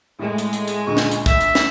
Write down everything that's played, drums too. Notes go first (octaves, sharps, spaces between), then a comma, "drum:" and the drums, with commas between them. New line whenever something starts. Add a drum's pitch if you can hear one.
A2 G#3 A3
drum: hi-hat
drum: hi-hat
drum: hi-hat
D2 A#2 C#6
drum: snare
drum: hi-hat
E5, drum: kick, hi-hat
drum: hi-hat
drum: snare